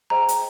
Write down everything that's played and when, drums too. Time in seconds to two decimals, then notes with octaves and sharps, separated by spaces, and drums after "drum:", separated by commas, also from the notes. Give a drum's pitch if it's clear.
0.10 G#4 C5 D#5 G5 A#5
0.29 drum: hi-hat